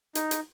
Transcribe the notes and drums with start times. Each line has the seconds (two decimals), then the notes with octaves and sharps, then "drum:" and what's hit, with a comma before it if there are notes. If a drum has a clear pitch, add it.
0.15 D#4, drum: hi-hat
0.31 drum: hi-hat